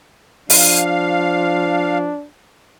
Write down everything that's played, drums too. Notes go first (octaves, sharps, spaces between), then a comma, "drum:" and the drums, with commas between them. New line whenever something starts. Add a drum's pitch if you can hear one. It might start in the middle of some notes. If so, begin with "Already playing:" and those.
F3 D4 F5, drum: open hi-hat